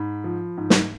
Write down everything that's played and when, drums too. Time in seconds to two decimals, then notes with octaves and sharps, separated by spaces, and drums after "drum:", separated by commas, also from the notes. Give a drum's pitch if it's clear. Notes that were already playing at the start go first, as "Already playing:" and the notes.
Already playing: G#2 B5
0.24 F3
0.57 G#2
0.70 drum: snare